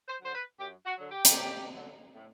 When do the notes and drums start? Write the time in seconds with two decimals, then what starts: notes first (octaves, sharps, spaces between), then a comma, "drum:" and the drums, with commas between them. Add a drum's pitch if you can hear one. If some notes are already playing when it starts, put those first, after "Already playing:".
0.08 C5
0.22 D3 F#3 C5
0.35 B4
0.60 F#2 G4
0.86 F#4
0.98 D3 F#3
1.11 G4
1.25 drum: hi-hat
1.37 F#2
1.75 D3 F#3
2.14 A2